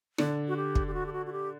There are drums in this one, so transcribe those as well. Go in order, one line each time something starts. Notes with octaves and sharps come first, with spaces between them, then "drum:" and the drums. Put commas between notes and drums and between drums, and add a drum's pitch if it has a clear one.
D3 D4, drum: rim click
F#4
G4
drum: kick
G4
F#4
G4
F#4
F#4
G4